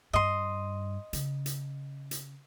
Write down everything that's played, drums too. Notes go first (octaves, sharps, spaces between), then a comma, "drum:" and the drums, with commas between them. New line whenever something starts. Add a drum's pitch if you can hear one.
G2 D#5 C6
C#3, drum: hi-hat
drum: hi-hat
drum: hi-hat